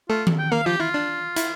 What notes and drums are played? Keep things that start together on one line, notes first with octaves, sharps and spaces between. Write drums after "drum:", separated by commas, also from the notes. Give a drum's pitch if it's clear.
A3 F4 A4
drum: tom D#3
G5
A#3 A#4 F5
F3 F4 G4
E4 F4
D4
E4, drum: hi-hat